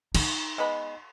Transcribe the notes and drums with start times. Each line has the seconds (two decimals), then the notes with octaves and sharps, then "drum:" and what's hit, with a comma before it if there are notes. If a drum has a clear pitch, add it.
0.15 D#4, drum: cymbal
0.58 G#3 B3 B5